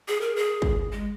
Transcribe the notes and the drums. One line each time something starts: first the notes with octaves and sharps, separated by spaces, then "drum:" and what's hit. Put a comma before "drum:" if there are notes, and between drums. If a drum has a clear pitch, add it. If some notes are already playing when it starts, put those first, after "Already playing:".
G#4
A#4
G#4
drum: kick
G#3